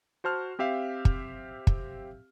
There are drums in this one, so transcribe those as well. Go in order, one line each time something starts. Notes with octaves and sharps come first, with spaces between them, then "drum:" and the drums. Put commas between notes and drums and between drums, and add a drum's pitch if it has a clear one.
F#4 C5 A5 F6
C4 G4 E5 F5
drum: kick
drum: kick